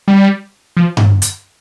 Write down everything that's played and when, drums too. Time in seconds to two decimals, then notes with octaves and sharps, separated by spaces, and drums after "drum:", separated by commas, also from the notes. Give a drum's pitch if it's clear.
0.08 G3
0.77 F3
0.97 drum: tom G2
1.22 drum: hi-hat